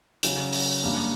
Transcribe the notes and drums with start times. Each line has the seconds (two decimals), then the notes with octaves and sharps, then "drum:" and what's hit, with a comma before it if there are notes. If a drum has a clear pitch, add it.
0.23 C#3 F#3 C#4, drum: hi-hat
0.53 drum: open hi-hat
0.82 G3 A#3 D4 G4